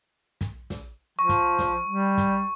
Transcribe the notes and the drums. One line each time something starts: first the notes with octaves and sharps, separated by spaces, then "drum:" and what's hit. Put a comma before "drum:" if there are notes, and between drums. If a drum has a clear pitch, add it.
drum: kick, hi-hat
drum: snare
F3 C#6
drum: kick, hi-hat
drum: snare
G3
drum: kick, hi-hat